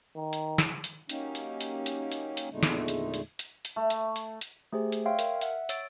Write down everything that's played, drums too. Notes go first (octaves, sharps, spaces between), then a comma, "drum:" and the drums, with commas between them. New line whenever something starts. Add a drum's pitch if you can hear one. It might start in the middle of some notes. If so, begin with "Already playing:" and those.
D#3
drum: hi-hat
drum: snare
drum: hi-hat
F#3 A#3 C#4 D#4 G4, drum: hi-hat
drum: hi-hat
drum: hi-hat
drum: hi-hat
drum: hi-hat
drum: hi-hat
E2 A#2 D3 G#3 A3 D#4
drum: snare
drum: hi-hat
drum: hi-hat
drum: hi-hat
drum: hi-hat
A3
drum: hi-hat
drum: hi-hat
drum: hi-hat
A3 G4 G#4 C5
drum: hi-hat
C#5 E5 F5 G5 C6
A#4, drum: hi-hat
E5 F#5, drum: hi-hat
C#5 E6 A6 D7, drum: hi-hat